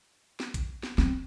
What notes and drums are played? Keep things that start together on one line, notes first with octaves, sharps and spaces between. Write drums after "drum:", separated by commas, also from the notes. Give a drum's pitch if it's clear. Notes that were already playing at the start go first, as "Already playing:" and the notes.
drum: snare
drum: kick, hi-hat
drum: snare
C4, drum: snare